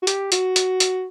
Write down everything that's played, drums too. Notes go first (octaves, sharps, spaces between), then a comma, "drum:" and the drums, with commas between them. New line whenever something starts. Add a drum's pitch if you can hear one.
F#4
G4, drum: hi-hat
F#4, drum: hi-hat
drum: hi-hat
drum: hi-hat